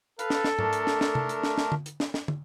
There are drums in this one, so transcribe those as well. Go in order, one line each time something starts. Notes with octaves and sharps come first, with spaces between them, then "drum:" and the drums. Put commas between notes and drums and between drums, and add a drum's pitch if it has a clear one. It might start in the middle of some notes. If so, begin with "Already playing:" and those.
A4 B4 F5, drum: hi-hat
drum: snare
drum: snare
A3 D4 A#4, drum: tom G#2
drum: hi-hat
drum: snare
drum: snare
drum: tom C3
drum: hi-hat
drum: snare
drum: snare
drum: tom
drum: hi-hat
drum: snare
drum: snare
drum: tom